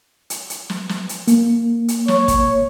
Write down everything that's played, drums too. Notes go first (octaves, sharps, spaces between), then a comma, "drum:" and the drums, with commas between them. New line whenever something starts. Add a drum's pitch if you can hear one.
drum: hi-hat
drum: hi-hat
drum: snare
drum: snare
drum: hi-hat
A#3, drum: hi-hat
drum: hi-hat
C#5, drum: snare
drum: kick, hi-hat